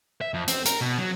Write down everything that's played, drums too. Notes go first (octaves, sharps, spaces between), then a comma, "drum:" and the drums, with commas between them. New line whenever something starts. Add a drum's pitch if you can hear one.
E5
F2
C4, drum: hi-hat
A#4, drum: hi-hat
B2
F#3